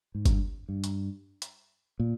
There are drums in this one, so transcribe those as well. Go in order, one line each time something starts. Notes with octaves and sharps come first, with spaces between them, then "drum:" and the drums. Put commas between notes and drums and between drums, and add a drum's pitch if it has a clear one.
G#2
G2, drum: kick G1, hi-hat
G2
drum: hi-hat
drum: hi-hat
A#2